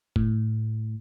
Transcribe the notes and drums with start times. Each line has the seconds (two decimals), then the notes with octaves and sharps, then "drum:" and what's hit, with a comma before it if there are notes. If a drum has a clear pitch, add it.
0.16 A2, drum: kick E1